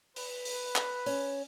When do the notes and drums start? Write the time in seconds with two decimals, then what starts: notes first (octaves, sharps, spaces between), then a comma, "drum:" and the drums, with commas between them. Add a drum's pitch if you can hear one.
0.16 B4, drum: open hi-hat
0.45 drum: open hi-hat
0.76 drum: clap
1.06 C#4, drum: open hi-hat